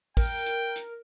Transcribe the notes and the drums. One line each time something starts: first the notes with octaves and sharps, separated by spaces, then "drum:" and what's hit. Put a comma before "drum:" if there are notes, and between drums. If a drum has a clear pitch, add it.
A#4 G5, drum: kick, open hi-hat
drum: hi-hat
drum: hi-hat